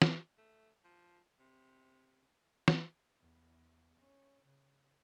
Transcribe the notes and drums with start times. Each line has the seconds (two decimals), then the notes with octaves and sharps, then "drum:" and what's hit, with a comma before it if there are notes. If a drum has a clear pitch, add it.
0.02 drum: snare
0.38 A3
0.84 F3
1.39 C3
2.68 drum: snare
3.21 E2
3.99 C#4
4.45 C#3